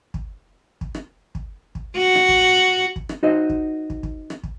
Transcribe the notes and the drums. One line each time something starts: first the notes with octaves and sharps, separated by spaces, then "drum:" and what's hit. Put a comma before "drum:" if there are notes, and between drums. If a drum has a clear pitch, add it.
drum: kick
drum: kick
drum: rim click
drum: kick
drum: kick
F#4
drum: rim click
drum: kick
drum: kick
drum: rim click
D#4 F#4 C5 D#5
drum: kick
drum: kick
drum: kick
drum: rim click
drum: kick